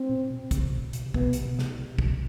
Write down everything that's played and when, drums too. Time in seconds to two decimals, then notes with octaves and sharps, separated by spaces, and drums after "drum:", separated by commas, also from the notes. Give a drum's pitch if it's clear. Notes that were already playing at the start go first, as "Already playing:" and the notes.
Already playing: C4
0.09 A#2
0.30 B2
0.51 C#3, drum: kick, hi-hat
0.66 A#2
0.72 B2
0.93 B2, drum: hi-hat
1.06 C3
1.14 B3, drum: kick
1.20 B2
1.33 C3, drum: hi-hat
1.46 B2
1.59 C3, drum: snare
1.72 B2
1.85 C3
1.99 B2, drum: kick